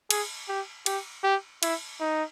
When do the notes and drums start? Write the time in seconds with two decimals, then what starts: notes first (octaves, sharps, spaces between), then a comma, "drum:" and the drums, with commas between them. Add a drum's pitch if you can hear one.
0.11 G#4, drum: cymbal
0.49 G4
0.86 G4, drum: cymbal
1.24 G4
1.63 E4, drum: cymbal
2.00 D#4